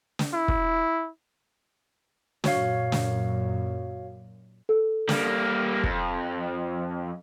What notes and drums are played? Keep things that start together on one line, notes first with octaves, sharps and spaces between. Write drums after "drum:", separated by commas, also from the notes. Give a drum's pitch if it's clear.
drum: snare
E4
drum: kick
F#2 A#2 F#4 C#5 F5, drum: snare
drum: snare
A4
G3 A#3, drum: snare
F2, drum: kick